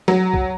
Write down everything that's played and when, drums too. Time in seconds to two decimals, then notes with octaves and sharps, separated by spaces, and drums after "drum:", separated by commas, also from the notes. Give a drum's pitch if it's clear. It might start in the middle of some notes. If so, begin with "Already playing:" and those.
0.08 F#3, drum: snare
0.34 drum: kick